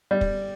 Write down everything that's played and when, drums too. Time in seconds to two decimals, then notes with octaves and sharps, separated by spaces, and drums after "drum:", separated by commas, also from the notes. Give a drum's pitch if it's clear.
0.11 G3
0.21 drum: kick